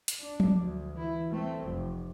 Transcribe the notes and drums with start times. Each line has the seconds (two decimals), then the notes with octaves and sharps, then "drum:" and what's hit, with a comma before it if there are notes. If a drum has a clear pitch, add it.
0.08 drum: hi-hat
0.21 D4
0.40 drum: tom F3
0.60 D2
0.94 E3 E4
1.31 A3 C4
1.65 F1